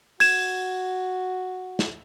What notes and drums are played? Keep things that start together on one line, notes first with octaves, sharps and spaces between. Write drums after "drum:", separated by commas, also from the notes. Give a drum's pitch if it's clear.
F#4 G#6 E7, drum: open hi-hat
drum: snare